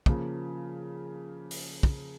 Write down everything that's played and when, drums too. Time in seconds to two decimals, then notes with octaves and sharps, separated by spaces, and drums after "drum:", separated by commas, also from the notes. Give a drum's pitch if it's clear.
0.06 C#3 F3 A#3, drum: kick
1.51 drum: open hi-hat
1.83 drum: kick